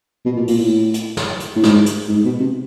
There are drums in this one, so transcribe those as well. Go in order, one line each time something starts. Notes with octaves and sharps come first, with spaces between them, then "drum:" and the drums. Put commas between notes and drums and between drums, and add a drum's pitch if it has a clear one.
B2
A#2
A#2, drum: open hi-hat
A2
drum: hi-hat
drum: snare
drum: hi-hat
A2
G#2, drum: snare
drum: hi-hat
G#2
B2
C3